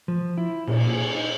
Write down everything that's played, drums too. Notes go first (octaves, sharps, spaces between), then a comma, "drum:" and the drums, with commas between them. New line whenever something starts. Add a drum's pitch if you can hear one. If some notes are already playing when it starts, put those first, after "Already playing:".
F3
E4
A#2, drum: cymbal
G#4
D#4